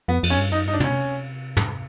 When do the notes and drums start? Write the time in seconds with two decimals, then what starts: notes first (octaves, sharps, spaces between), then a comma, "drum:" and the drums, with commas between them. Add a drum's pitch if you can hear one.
0.08 F2 B3
0.23 F2, drum: cymbal
0.30 C#4
0.37 G2
0.52 F#2 D#4
0.66 G2 D#4
0.74 D4
0.80 B2 C#4, drum: tom
0.95 C3
1.57 drum: tom